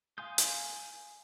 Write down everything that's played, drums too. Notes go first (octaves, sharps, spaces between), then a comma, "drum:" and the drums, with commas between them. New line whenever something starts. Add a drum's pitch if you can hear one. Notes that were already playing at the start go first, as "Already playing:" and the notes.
F5 G#5 C6 D#6 G6
drum: hi-hat